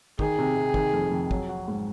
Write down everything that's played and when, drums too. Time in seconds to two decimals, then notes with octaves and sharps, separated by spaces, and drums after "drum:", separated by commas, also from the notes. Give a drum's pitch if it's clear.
0.19 D#3 G#4, drum: kick
0.38 C3
0.56 C3
0.74 D#3, drum: kick
0.93 F2
1.11 F2
1.31 F#3, drum: kick
1.49 F#4
1.68 G#2